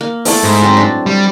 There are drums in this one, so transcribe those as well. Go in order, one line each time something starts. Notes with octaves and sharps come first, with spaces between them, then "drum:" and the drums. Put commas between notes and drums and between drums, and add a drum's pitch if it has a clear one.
A#3
A3 B3 E4, drum: open hi-hat
G#2
F#3 C4
D4
G3